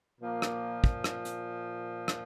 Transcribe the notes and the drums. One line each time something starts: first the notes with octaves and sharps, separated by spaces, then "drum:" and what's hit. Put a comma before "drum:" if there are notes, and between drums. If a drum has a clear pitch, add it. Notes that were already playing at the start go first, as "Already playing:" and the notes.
A#2 F3 A#3
drum: rim click
drum: kick
drum: rim click
drum: hi-hat
drum: rim click